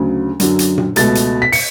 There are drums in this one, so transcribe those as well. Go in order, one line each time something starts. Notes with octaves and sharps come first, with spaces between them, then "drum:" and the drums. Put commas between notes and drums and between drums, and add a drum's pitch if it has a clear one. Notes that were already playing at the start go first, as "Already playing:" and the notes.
Already playing: D2 C#3 F#3
F#2 D3 F#3, drum: hi-hat
drum: hi-hat
drum: tom A#2
C#2 B2 A3 A6, drum: hi-hat
drum: hi-hat
B6
C#7, drum: open hi-hat